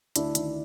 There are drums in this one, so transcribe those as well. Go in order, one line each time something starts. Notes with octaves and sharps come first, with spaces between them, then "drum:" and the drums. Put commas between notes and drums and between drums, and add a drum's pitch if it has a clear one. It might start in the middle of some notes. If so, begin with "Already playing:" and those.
D2 D4 E4, drum: hi-hat
D#3, drum: hi-hat